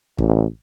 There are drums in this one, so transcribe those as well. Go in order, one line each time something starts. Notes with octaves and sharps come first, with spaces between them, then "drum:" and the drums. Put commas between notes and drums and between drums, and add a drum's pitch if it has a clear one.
A1, drum: kick